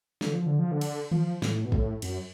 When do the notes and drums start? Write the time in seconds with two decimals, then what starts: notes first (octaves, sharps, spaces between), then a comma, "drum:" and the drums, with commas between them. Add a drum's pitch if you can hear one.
0.21 D3, drum: snare
0.34 F3
0.46 D3
0.59 F3
0.71 D3
0.81 drum: cymbal
1.11 F3, drum: tom D#3
1.42 A2, drum: snare
1.65 B2
1.72 A2, drum: kick
2.02 F#2, drum: cymbal